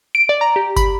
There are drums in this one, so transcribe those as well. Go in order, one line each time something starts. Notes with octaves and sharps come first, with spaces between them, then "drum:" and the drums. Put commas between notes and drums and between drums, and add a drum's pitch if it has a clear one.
D7
D5
A#5
G4
B5, drum: kick G1, tambourine